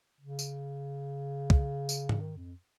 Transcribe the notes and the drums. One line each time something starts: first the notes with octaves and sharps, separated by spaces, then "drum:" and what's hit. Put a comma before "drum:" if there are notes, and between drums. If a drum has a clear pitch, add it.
C#3
drum: tambourine
drum: kick
drum: tambourine
drum: tom G#2
D#3
F2